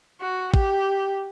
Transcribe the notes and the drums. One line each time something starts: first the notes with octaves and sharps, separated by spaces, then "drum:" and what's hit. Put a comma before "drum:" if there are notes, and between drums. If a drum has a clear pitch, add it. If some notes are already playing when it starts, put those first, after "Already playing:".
F#4
G4, drum: kick